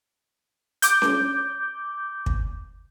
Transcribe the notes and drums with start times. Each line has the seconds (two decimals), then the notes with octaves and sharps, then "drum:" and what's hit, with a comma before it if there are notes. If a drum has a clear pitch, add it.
0.82 D6 G6, drum: hi-hat
1.02 drum: snare C#4
2.26 drum: kick